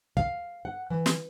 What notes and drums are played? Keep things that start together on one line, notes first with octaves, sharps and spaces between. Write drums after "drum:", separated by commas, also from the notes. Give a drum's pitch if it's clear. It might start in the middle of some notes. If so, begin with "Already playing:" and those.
F5, drum: kick
F#5
E3
drum: snare